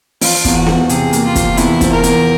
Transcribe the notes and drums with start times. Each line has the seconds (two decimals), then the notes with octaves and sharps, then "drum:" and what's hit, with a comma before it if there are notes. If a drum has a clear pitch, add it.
0.21 F3 F4, drum: open hi-hat
0.45 E2, drum: kick, hi-hat
0.55 F#4
0.66 F3, drum: snare B3
0.89 C3 G#4, drum: hi-hat
1.13 A#3, drum: hi-hat
1.24 F4
1.36 F3, drum: kick, hi-hat
1.57 E2 E4, drum: hi-hat
1.81 F3, drum: kick, hi-hat
1.92 A#4
2.03 E2, drum: hi-hat